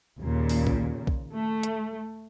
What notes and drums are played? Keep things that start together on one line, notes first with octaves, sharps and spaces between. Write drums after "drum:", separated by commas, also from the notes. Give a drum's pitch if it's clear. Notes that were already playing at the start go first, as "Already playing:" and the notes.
D#2 A#2 C#3
drum: open hi-hat
drum: kick
drum: kick
A3
drum: hi-hat